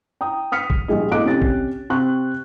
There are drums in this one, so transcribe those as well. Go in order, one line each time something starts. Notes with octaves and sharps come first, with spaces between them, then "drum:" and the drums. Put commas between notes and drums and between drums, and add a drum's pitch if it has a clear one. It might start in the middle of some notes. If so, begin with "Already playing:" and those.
G5 A#5 D#6
D#6 F6 B6 C#7
drum: kick A#1
A#1 G3 G#4 D#5
E2 A3 D#5 D6 F#6 D7
C3 C#4 G4 G5 A6
drum: kick A#1
C3 C4 C6 C#6 F#6